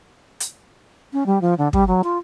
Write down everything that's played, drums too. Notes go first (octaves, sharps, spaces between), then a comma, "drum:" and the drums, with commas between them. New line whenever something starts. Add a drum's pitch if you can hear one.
drum: hi-hat
C#4
G3
F3
D3
G3, drum: kick
F#3
F4